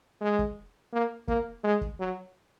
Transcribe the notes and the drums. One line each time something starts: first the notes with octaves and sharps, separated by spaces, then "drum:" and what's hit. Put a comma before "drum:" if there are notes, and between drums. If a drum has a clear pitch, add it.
G#3
drum: kick
A#3
A#3, drum: kick
G#3
drum: kick
F#3